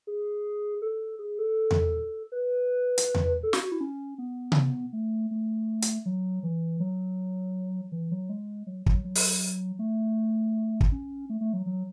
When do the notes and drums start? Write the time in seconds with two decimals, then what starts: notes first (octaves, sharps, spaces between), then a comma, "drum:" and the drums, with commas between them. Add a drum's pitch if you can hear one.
0.07 G#4
0.82 A4
1.19 G#4
1.39 A4
1.71 drum: tom E2
2.32 B4
2.98 drum: hi-hat
3.15 drum: tom E2
3.43 A4
3.53 F#4, drum: snare
3.63 F#4
3.72 E4
3.81 C#4
4.18 B3
4.52 drum: tom C3
4.93 A3
5.31 A3
5.82 drum: hi-hat
6.06 F#3
6.43 E3
6.80 F#3
7.92 E3
8.11 F#3
8.29 G#3
8.67 F#3
8.86 F#3, drum: kick
9.05 F#3
9.15 drum: open hi-hat
9.79 A3
10.81 drum: kick
10.92 C#4
11.30 A3
11.41 A3
11.53 F#3
11.66 F#3